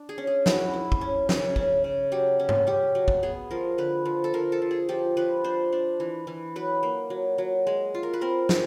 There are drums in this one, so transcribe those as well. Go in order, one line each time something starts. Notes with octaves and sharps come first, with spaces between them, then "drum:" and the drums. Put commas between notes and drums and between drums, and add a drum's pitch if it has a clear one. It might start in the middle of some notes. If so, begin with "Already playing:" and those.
Already playing: D4
G#4
C#4
G#4
E4 F#4, drum: snare
E4
drum: kick
C#4
C#3, drum: snare
C#4, drum: kick
C#3
F#3 G4
C#4
drum: tom G#2
C#4 G4
F#3
drum: kick
B3 G#4
F3 A#4
D3 B4
F3
A4
F3 A#4
A4
F3
G#4
F3 G4
F3 B4
D4 C5
D4
E3
E3
F#3 B4
A#3
F#3
F#3
G#3
F4
A#4
B4
C4 A#4
G#3, drum: snare